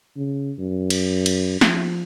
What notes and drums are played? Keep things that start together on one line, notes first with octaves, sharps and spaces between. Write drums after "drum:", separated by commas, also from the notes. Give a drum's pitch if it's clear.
C#3
F#2
drum: cymbal
drum: cymbal
F3, drum: snare